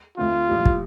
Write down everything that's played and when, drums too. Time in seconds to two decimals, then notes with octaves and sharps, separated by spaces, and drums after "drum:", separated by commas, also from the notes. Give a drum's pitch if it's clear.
0.17 D2 D3 A3 C4 F4
0.48 A#1 A2 G3
0.66 drum: kick